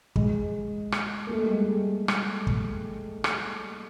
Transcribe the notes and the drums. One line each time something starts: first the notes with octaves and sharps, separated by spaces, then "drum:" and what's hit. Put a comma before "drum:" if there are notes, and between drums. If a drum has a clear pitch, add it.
G#3, drum: kick
drum: rim click
A#3
A3
G3
G#3
G3
drum: rim click
drum: kick
drum: rim click